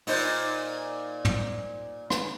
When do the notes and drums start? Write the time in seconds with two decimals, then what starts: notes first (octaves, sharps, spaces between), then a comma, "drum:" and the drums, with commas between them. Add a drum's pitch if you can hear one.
0.07 A#2 D#4 C5, drum: open hi-hat
1.25 drum: tom
2.10 drum: rim click